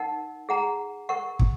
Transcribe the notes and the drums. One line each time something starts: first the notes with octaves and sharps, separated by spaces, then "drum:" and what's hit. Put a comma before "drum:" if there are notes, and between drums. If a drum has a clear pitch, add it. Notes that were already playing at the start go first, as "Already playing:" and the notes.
Already playing: D#4 A#4 F#5
G#4 F#5 A#5
A#4 F#5 C#6
drum: kick